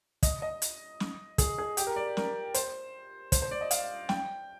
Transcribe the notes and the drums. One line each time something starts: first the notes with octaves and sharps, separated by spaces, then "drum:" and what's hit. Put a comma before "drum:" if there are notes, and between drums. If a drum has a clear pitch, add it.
D#5, drum: kick, hi-hat
D#5
drum: hi-hat
drum: snare
G#4, drum: kick, hi-hat
G#4
G4, drum: hi-hat
A#4
D5
A#4, drum: snare
C5, drum: hi-hat
C5, drum: kick, hi-hat
C5
D5
D#5
F5, drum: hi-hat
G5, drum: snare